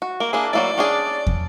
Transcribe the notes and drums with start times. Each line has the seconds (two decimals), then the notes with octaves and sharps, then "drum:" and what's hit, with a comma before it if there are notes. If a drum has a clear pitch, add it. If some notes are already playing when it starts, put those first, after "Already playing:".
0.02 F#4
0.20 A#3 A#4
0.33 A#3 D4 E4 G#4
0.53 F#3 A#3 E4 D5
0.78 C#4 D4 G#4
1.27 drum: kick